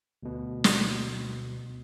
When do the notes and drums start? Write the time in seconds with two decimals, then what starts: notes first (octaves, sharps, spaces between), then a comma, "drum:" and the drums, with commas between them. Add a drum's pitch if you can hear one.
0.23 D2 B2
0.64 drum: snare